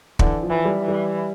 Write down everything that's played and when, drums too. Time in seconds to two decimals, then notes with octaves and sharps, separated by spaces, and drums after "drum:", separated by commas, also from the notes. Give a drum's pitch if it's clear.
0.19 D3 E3, drum: kick
0.43 F3
0.50 E3
0.65 G3
0.81 E3
0.88 G3